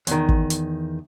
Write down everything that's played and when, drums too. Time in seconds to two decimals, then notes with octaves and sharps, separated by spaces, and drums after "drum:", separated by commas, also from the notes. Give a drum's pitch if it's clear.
0.07 E2 D#3, drum: hi-hat
0.29 drum: kick
0.50 drum: hi-hat